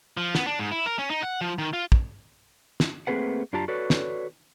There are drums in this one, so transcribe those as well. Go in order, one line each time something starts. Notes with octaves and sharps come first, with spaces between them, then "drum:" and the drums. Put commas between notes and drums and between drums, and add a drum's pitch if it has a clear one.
F3
B3, drum: snare
D4
G#2
E4
A#4
C#4
D#4
F#5
F3
D#3
F4
drum: kick
drum: snare
A3 A#3 C4 G#4 B4 F#5
F#2 D4 F4 G4 A5 A#5
F#4 A4 B4 C#5 D5
drum: snare